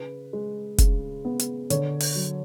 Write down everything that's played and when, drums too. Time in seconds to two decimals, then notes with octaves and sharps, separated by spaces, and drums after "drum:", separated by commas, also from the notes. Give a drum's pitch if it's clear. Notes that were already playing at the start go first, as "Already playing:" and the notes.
Already playing: C#3 B4
0.33 G#3
0.78 C#3, drum: kick, hi-hat
1.25 B3
1.39 drum: hi-hat
1.70 D3 C#5, drum: hi-hat
2.00 drum: open hi-hat
2.15 F#3